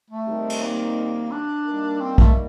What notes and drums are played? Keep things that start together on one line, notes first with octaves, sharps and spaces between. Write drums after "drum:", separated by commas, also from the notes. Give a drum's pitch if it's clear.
A3
D#3 G3 C4 D#4 G4
drum: cymbal
A#3
D4
G3 A#3 D#4 A#4
C4
A3, drum: kick